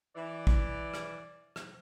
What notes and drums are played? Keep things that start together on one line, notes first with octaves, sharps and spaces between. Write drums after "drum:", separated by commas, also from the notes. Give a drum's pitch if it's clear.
E3 D5
drum: kick
drum: rim click
drum: rim click